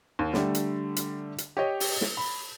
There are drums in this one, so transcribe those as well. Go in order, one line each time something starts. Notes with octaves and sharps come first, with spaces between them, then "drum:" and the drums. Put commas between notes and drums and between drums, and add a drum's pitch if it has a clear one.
D#2
D3 G3 A3, drum: snare
drum: hi-hat
drum: hi-hat
drum: hi-hat
G4 C#5 D#5
drum: open hi-hat
drum: snare
B5